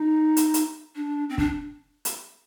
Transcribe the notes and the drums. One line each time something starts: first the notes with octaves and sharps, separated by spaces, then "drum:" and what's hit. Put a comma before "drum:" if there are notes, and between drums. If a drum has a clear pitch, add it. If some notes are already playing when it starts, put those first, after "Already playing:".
Already playing: D#4
drum: hi-hat
drum: hi-hat
D4
C4
D4, drum: kick
drum: hi-hat